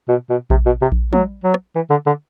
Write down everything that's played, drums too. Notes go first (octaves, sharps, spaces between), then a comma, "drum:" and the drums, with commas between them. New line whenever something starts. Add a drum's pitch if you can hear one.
B2
B2
C3, drum: kick A#1
B2
C3
drum: kick A#1
F#3, drum: tom
F#3
drum: rim click
E3
D3
D3